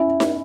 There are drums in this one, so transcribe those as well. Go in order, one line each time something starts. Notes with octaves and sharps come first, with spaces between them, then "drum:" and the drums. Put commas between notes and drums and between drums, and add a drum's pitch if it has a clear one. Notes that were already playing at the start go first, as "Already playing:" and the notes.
Already playing: C#4 E4
drum: snare D#4